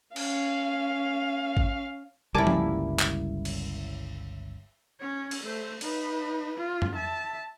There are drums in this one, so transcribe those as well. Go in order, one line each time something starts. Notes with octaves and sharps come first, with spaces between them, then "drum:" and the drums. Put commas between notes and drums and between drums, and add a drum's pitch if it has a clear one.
C#4 F5, drum: cymbal
drum: kick G#1
G1 C#2 G3 A#3 E4 G#5 A5 D6
drum: tom F3
drum: clap
drum: cymbal
C#4 C#5
drum: cymbal
A3 C5
D#4 B4, drum: cymbal
F4
drum: tom F2
E5 A5